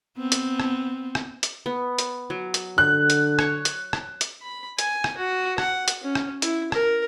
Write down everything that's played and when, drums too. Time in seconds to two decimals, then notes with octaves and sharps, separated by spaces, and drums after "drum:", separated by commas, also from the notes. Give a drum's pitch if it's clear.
0.18 B3 C4
0.32 drum: hi-hat
0.60 drum: rim click
1.15 drum: rim click
1.43 drum: hi-hat
1.66 B3
1.99 drum: hi-hat
2.30 F#3
2.54 drum: hi-hat
2.78 D3 F#6
3.10 drum: hi-hat
3.39 C#5 C#6, drum: rim click
3.65 drum: hi-hat
3.93 drum: rim click
4.21 drum: hi-hat
4.42 B5
4.79 G#5, drum: hi-hat
5.04 drum: rim click
5.17 F#4
5.58 F#5, drum: rim click
5.88 drum: hi-hat
6.03 C#4
6.15 drum: rim click
6.42 E4, drum: hi-hat
6.72 A#4, drum: rim click